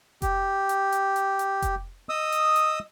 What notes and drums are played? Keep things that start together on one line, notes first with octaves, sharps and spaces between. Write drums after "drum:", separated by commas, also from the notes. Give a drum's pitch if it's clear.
G4, drum: kick F1, hi-hat
drum: hi-hat
drum: hi-hat
drum: hi-hat
drum: hi-hat
drum: kick F1, hi-hat
D#5 D#6 E6
drum: hi-hat
drum: hi-hat